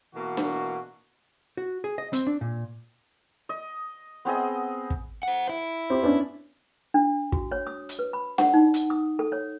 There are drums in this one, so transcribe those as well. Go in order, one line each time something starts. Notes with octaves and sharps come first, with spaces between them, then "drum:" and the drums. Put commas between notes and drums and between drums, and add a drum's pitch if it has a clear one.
B2 E3 A#3 F#4
drum: snare D4
F#4
G#4
D#5
C4, drum: hi-hat
D4
A#2
D#5
B3 C4 G#4 D#5
drum: kick
C5 F#5
E4
C4 G4
B3 C#4 D4
D4
F#4, drum: kick
C#5
D#6
drum: hi-hat
B4
B5
F#5, drum: snare D4
D#4
drum: hi-hat
D#6
A4
C#5